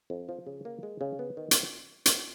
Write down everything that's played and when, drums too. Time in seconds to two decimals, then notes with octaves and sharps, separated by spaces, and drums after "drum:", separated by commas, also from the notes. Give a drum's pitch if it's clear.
0.10 F2
0.29 F3
0.47 C#3
0.65 A#3
0.83 G#3
1.01 C#3
1.19 B3
1.37 D#3
1.51 drum: hi-hat
2.06 drum: hi-hat